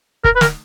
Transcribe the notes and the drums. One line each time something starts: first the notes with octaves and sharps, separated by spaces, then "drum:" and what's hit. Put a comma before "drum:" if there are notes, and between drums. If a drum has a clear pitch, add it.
A#4, drum: kick
B4
A#4, drum: snare